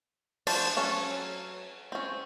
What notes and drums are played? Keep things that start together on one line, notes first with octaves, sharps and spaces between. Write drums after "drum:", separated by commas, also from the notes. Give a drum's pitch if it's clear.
F3 D4 F#4 C5 A5, drum: cymbal
F#3 C#4 A4
C4 C#4